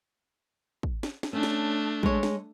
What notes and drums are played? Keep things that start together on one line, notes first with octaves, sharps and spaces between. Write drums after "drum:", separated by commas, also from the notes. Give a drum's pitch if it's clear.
drum: kick
drum: snare
drum: snare
A3 C#4 D4
drum: snare
G#3 C#5, drum: kick
drum: snare